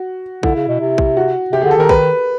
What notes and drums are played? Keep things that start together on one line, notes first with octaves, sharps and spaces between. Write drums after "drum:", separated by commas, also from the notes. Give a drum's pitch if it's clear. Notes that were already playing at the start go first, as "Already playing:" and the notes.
Already playing: F#4
D3 E4, drum: kick A#1
C#3
B2
C3
drum: kick A#1
F#4
C3 G4
D3 G#4
A4
D#3 A#4
B4, drum: kick A#1